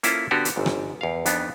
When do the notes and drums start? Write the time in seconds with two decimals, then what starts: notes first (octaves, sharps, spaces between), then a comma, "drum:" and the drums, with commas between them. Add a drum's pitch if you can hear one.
0.03 A#3 C#4 E4 F4 A4 C5, drum: hi-hat
0.31 D3 B3 D4 F#4 G4
0.45 drum: hi-hat
0.56 G1 G#2
0.66 drum: rim click
1.01 E2 F5
1.26 F2 B3 D4 D#4, drum: hi-hat